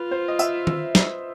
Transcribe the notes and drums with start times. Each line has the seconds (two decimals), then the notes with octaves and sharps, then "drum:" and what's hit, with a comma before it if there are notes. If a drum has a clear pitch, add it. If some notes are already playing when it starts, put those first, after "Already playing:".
Already playing: F4 B4
0.11 C5
0.28 D#5
0.39 E5, drum: tambourine
0.67 drum: tom D#3
0.95 drum: snare